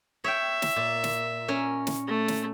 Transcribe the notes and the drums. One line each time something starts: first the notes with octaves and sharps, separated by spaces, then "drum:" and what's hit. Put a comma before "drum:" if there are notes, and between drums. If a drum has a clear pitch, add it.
C#5 E5 G5
drum: snare
A#2
drum: snare
C#4 A#4 C#5
drum: snare
A3
drum: snare